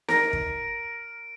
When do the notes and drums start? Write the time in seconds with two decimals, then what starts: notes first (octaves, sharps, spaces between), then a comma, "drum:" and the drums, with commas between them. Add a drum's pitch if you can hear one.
0.09 A#4 A#5 A#6 D7, drum: snare
0.33 drum: kick